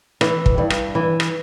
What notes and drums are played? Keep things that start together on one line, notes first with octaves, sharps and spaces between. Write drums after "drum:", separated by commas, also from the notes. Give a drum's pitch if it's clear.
E3, drum: rim click
drum: kick
G2
drum: rim click
E3
drum: rim click